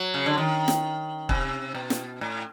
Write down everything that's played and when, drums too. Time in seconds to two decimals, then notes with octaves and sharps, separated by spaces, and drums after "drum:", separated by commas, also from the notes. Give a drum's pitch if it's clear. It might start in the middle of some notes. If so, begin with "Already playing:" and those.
Already playing: F#3
0.14 C#3
0.26 D3
0.38 D#3
0.68 drum: snare
1.29 C3, drum: kick
1.74 B2
1.90 drum: snare
2.21 A2